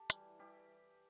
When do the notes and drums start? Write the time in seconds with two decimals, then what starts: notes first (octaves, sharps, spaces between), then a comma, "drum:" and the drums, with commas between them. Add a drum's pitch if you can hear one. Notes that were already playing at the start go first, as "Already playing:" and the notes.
Already playing: G4 A4
0.10 E3 G3 E4, drum: hi-hat
0.39 E3 G3 E4 G4